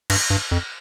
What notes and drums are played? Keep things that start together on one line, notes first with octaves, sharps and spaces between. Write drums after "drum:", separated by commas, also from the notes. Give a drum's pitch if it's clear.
G2, drum: cymbal
G2
F2